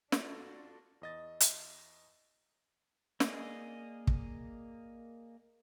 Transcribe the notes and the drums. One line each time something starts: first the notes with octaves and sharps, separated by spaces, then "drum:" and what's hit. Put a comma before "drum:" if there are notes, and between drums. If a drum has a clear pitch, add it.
D4 F4 F#4 A4, drum: snare
E2 D#5 A6
drum: hi-hat
A#3 G#4 D5 D#5, drum: snare
drum: kick